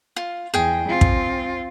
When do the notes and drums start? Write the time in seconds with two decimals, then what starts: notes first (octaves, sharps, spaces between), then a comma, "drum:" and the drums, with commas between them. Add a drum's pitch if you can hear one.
0.16 F4
0.54 E2 G#4 G5
0.89 C4 F4
1.01 drum: kick